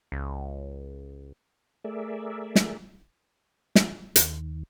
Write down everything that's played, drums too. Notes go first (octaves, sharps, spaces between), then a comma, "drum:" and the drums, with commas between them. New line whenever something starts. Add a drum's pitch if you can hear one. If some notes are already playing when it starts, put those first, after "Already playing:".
C#2
A3 G#4 A#4 D5 E5
drum: snare
drum: snare
D#2, drum: hi-hat